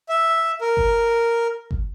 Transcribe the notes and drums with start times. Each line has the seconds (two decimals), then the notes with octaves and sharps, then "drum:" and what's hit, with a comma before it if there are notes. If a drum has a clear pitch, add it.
0.09 E5
0.61 A#4
0.77 drum: kick G1
1.71 drum: kick G1